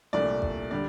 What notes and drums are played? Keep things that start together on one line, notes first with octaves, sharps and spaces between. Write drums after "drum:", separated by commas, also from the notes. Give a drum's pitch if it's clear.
C2 A#2 A3 D4 D5
drum: kick
D3 G3 D4 D5